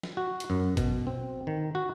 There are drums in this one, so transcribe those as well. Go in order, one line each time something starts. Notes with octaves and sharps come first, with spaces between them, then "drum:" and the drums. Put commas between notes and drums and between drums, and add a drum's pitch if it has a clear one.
drum: snare
F#4
drum: hi-hat
F#2
B2, drum: kick G#1, hi-hat
C4
D#3
F#4